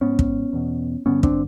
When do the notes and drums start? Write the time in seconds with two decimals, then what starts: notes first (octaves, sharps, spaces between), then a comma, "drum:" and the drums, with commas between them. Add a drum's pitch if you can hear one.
0.01 G#2 B3 C#4
0.19 drum: kick
0.53 E2 B2
1.06 G2 D3 B3 C#4
1.23 C4 D4, drum: kick